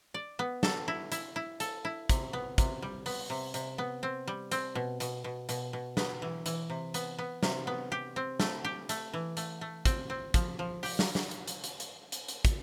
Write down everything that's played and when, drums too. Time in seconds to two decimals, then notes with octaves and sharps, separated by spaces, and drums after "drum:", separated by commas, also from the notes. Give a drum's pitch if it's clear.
0.14 D5
0.39 B3
0.63 A4, drum: snare
0.88 E4
1.12 E4, drum: hi-hat
1.36 E4
1.60 A4, drum: hi-hat
1.85 E4
2.09 C3, drum: kick, hi-hat
2.33 B3
2.58 C3, drum: kick, hi-hat
2.82 G3
3.06 B3, drum: open hi-hat
3.30 C3
3.54 C3, drum: hi-hat
3.78 B3
4.03 C4
4.27 G3
4.51 C4, drum: hi-hat
4.75 B2
5.00 B2, drum: hi-hat
5.24 B2
5.49 B2, drum: hi-hat
5.73 B2
5.97 B3, drum: snare
6.22 E3
6.46 E3, drum: hi-hat
6.70 C3
6.94 B3, drum: hi-hat
7.19 B3
7.43 C3, drum: snare
7.67 B3
7.92 G4
8.16 C4
8.40 A3, drum: snare
8.64 G4
8.89 A3, drum: hi-hat
9.13 E3
9.37 A3, drum: hi-hat
9.61 A3
9.85 C4, drum: kick, hi-hat
10.10 C4
10.34 F3, drum: kick, hi-hat
10.59 F3
10.83 G4, drum: open hi-hat
10.99 drum: snare
11.15 drum: snare
11.31 drum: hi-hat
11.48 drum: hi-hat
11.64 drum: hi-hat
11.80 drum: hi-hat
12.12 drum: hi-hat
12.28 drum: hi-hat
12.45 drum: kick, hi-hat